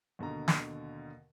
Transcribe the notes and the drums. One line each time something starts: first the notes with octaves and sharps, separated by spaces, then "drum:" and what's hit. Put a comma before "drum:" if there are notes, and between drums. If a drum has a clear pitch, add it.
D#2 B2 D3 A#5
drum: snare